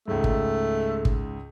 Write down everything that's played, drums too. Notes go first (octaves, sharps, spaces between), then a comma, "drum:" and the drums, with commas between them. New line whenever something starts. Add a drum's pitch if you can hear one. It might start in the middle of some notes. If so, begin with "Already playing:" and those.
C#2 G#2 A3
drum: kick
drum: kick